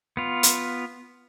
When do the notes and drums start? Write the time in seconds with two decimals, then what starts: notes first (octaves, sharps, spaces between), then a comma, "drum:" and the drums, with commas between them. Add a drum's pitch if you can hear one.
0.17 B3 F4
0.43 drum: hi-hat